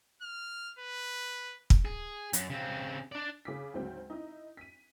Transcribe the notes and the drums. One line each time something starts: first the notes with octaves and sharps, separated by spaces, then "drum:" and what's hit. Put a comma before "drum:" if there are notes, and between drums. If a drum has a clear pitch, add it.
F6
B4
drum: kick
G#4
F#2, drum: hi-hat
C#3 C4
D4 D5
C#3 D6 B6
D2 G#2 F#3 C4 G5
D#4 E4 D#5
B6 D#7